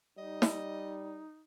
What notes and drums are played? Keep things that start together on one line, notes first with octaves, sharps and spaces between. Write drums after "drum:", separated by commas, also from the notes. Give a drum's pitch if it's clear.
G3 D#4 D#5
drum: snare